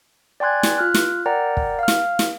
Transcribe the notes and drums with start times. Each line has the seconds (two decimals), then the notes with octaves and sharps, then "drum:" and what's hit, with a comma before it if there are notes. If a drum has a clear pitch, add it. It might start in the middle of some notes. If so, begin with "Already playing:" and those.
0.40 D5 G5 G#5 C6 F#6 G#6
0.63 drum: snare
0.78 F4 F6 F#6
0.94 drum: snare
1.26 A#4 D5 F#5 G5 A#5
1.57 drum: kick
1.79 F5 F6
1.88 drum: snare
2.19 drum: snare